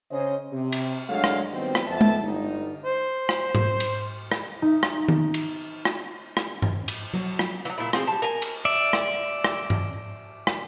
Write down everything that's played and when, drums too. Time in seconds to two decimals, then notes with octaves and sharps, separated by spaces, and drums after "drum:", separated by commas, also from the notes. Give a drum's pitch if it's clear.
0.11 C#3 C#4 C5 D#5
0.52 C3
0.72 drum: cymbal
1.10 F#3 G#3 A3 D4 A4 F5
1.24 drum: rim click
1.52 D#3 F#3 G3 B3 C4
1.75 drum: rim click
1.87 F2 B3 E5 A5
2.01 drum: tom G#3
2.23 G1 D#4
2.85 C5
3.29 drum: rim click
3.55 drum: tom G#2
3.80 drum: cymbal
4.32 drum: rim click
4.62 D#4 E5
4.83 drum: rim click
5.08 drum: tom D#3
5.34 drum: cymbal
5.85 drum: rim click
6.37 drum: rim click
6.62 drum: tom G2
6.88 drum: cymbal
7.14 F#3
7.39 drum: rim click
7.65 E3 F#3
7.78 A#2 E4
7.93 F3 C4 G#4, drum: rim click
8.07 G3 A5
8.22 A#4 G#5
8.42 drum: cymbal
8.65 D5 E5
8.93 drum: rim click
9.44 drum: rim click
9.70 drum: tom G2
10.47 drum: rim click